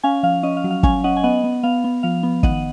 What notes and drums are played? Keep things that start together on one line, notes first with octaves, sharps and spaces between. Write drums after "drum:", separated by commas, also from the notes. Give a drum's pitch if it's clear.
C#4 F5 G#5
F3 F5
C#4 D#5
F5
F#3
F5
C#4 F5 G#5, drum: kick
C#4 D#5 F#5
G#5
B3 D#5 F#5
B3
B3 F5
B3
F3 F5
B3
D#3 D#5 F#5, drum: kick